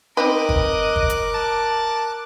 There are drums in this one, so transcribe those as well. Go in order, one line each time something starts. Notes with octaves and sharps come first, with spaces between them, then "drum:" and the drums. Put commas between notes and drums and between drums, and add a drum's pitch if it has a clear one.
C4 D#4 A#4 B4 D#5 D6 F#6
drum: kick
drum: kick
drum: hi-hat
A5